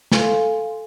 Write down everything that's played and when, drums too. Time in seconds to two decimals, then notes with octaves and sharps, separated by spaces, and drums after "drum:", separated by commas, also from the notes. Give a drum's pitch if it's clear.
0.12 A4 F5 G#5 C6, drum: snare